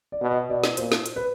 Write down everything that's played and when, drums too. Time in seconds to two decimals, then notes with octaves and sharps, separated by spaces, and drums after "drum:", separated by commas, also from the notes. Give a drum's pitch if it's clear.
0.12 D5
0.21 B2
0.31 D#5
0.49 B2 D5
0.64 drum: snare
0.77 A#2 C5, drum: hi-hat
0.92 drum: snare
1.06 drum: hi-hat
1.16 B4